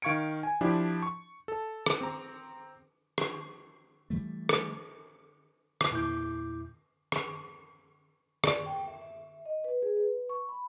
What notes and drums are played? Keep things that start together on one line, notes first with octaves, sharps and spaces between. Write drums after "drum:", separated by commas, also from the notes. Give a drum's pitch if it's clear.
D#3 F5 C#6 G#6 C#7 D7
G#5
F3 D4 E4 G4
C#6
A4
drum: rim click
C4 A#5
drum: rim click
E3 G3 A3
drum: rim click
drum: rim click
E2 A#2 E4 D6 G6
drum: rim click
D5, drum: rim click
G5
E5
E5
D#5
B4
G#4
B4
C#6
B5